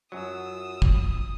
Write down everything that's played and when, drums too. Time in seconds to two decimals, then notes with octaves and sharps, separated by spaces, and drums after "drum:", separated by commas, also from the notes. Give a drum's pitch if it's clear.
0.12 F#2 F#3 F4 D#6 E6
0.82 drum: kick